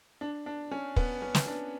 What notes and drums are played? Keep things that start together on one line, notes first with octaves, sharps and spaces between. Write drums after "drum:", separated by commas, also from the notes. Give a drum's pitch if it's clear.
D4
D4
C#4
B3, drum: kick
C#4
drum: snare
D4